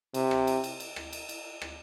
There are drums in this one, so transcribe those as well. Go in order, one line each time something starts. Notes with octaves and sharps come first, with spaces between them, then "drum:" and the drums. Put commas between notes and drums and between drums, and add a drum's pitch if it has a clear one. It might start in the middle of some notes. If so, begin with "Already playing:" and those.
C3, drum: cymbal
drum: rim click
drum: cymbal
drum: cymbal
drum: cymbal
drum: rim click
drum: cymbal
drum: cymbal
drum: rim click